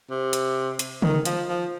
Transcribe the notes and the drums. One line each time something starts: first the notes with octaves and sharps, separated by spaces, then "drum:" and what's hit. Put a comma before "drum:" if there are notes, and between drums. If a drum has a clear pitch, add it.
C3
drum: hi-hat
drum: hi-hat
D#3, drum: tom C#3
F3, drum: hi-hat
F3